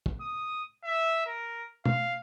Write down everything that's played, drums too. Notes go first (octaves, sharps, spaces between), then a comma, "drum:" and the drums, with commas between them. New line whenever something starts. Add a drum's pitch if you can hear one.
drum: kick
D#6
E5
A#4
F5, drum: tom